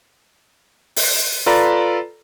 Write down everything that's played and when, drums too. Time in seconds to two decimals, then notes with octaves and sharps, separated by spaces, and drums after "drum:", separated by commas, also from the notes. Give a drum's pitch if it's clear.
0.96 drum: open hi-hat
1.46 F4 A4 B4 D5 A#5 B5